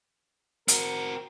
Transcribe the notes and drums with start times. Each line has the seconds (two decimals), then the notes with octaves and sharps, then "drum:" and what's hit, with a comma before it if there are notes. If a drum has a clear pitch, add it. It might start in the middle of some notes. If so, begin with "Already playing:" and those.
0.68 C4 F#4 A#4, drum: hi-hat